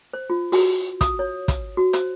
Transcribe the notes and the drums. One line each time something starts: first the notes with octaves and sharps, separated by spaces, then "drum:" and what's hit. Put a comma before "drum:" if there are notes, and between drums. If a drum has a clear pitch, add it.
C5
F4
F#4, drum: open hi-hat
D#6, drum: kick, hi-hat
C#5
drum: kick, hi-hat
F#4
C5, drum: hi-hat